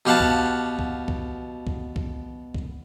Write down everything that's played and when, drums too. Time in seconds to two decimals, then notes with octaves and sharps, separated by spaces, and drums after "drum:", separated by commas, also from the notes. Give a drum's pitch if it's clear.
0.06 B2 G4 F5 F#5 A5
0.20 drum: kick C2
0.79 drum: kick C2
1.08 drum: kick C2
1.67 drum: kick C2
1.96 drum: kick C2
2.55 drum: kick C2